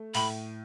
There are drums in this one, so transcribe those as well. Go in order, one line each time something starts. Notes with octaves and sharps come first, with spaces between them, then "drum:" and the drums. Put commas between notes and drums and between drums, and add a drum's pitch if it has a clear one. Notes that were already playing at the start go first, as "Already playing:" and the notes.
Already playing: A3
A2 B5, drum: open hi-hat